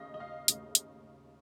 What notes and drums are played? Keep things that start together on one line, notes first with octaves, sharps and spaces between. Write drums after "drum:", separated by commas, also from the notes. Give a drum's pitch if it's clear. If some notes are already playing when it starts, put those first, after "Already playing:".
Already playing: D#2 C#3 A3 D#5 F5
D#5
F5
D#2 C#3 A3, drum: hi-hat
drum: hi-hat